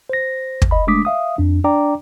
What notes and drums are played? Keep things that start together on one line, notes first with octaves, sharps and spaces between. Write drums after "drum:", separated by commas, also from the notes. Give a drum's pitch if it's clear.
C5 A#6
drum: kick
D#5 B5
G#3 A3 D4 D6 D#6 B6
E5 F5 D#6
F2 D4
D4 D5 G5 A#5 D6